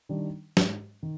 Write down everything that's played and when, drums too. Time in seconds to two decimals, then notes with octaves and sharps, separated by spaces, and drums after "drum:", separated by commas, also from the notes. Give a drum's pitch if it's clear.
0.09 D#3 G3 D4
0.57 G#2, drum: snare
1.03 D#3